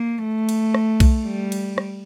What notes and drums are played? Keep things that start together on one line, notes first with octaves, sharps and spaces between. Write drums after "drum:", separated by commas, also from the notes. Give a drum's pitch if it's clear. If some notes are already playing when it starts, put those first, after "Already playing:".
Already playing: A#3
A3
drum: cymbal
drum: rim click
drum: kick B1, cymbal
G3
drum: cymbal
drum: rim click